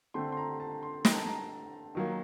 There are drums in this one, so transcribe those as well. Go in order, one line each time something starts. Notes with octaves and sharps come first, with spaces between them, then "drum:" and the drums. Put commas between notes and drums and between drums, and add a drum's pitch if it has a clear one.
D3 A3 C4 C6
C6
A#5
A5
C6
A#5, drum: snare
A5
A#5
D#3 F#3 A#3